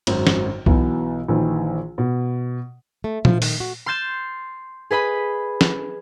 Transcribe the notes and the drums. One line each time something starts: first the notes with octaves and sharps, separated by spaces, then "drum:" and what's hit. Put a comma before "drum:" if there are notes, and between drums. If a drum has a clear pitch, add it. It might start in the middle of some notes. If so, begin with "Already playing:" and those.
G#1 F#2, drum: cymbal
drum: snare
B1 B2 E3, drum: kick C2
A#1 D#3 E3
B2
A3
F3, drum: tom
D#3, drum: open hi-hat
F#4
C6 F6 G6 A6 E7
G#4 B4 D#5 B5
drum: snare